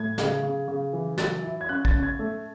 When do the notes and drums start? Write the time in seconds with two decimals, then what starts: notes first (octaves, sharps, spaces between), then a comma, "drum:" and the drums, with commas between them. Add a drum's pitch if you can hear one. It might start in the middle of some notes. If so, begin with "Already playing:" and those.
Already playing: A2 G#6
0.18 C#3, drum: snare
0.43 C#3
0.68 C#3
0.93 E3
1.18 F#3 A6, drum: snare
1.44 E4
1.61 G#6
1.69 C#4 F#6
1.85 A6, drum: kick
1.94 C#4
2.03 G#6
2.19 A3